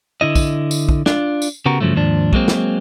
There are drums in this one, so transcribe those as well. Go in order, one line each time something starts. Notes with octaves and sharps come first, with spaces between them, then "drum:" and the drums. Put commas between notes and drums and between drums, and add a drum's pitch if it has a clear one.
D3 E4 D#5
drum: kick, tambourine
drum: tambourine
drum: kick
D4 F4, drum: snare
drum: tambourine
C#3 B3 F#4 G4 A#4
G2 C#3 F3 F#3 A3
D#2 G#2 F3 D4
F#3 G#3 A#3 C4, drum: kick
drum: snare